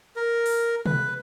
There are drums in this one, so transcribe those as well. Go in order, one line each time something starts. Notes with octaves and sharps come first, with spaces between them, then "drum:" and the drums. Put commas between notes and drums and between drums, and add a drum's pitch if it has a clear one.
A#4
drum: open hi-hat
B4, drum: tom C3